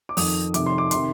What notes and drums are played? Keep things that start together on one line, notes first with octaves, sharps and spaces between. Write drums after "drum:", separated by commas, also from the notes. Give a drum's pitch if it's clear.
D6
F2 D#3 D#6, drum: open hi-hat
F2 C3 D#3 D6, drum: hi-hat
C6
D6
C3 D#3 C6, drum: hi-hat